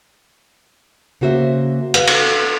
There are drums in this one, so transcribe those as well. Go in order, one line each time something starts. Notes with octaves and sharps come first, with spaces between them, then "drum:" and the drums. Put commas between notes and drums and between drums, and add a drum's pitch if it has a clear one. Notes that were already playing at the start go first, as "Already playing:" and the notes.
C#3 A#3 F#4 C5 E5
B4 F5 F#5, drum: hi-hat
drum: cymbal